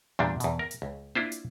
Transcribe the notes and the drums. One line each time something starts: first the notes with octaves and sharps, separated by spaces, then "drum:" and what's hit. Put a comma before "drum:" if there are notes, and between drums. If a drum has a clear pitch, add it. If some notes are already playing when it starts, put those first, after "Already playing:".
E2 A#2 G3 D4
E2 B2, drum: hi-hat
A#4
drum: hi-hat
C#2
D4 E4 F4 C5, drum: tom A#3
drum: hi-hat